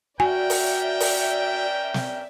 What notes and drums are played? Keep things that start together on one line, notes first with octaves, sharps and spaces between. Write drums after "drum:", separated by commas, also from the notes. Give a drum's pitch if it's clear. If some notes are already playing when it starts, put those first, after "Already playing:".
C#4 F#4 A#4 D5 E5 G5 G#5
drum: open hi-hat
drum: open hi-hat
drum: snare